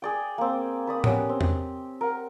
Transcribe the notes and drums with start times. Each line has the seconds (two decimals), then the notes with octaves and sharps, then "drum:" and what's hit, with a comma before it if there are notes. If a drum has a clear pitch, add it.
0.02 G#4 D5 G5
0.38 A#3 C4
0.87 B4 D5 D#6
1.04 B3 C#4 G4, drum: tom A2
1.29 C4
1.41 drum: tom E2
2.01 A#4 F#5